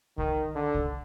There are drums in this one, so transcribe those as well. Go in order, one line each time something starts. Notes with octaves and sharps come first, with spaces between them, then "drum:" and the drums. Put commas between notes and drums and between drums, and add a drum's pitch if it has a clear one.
D#3, drum: kick C2
D3
drum: kick C2